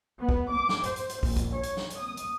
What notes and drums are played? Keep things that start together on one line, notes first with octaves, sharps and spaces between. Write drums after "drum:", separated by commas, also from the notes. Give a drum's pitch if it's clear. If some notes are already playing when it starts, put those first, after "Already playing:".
B3
drum: kick
D6
drum: snare
C5, drum: hi-hat
drum: hi-hat
drum: hi-hat
A#1, drum: kick, open hi-hat
drum: kick, hi-hat
C#5
drum: hi-hat
drum: snare
drum: hi-hat
D#6
drum: hi-hat